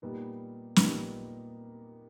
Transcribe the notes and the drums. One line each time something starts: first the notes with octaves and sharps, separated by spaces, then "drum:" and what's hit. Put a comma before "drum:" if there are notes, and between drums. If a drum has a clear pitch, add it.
A#2 G3 B3 D#4
A#2 G3 B3 D#4, drum: snare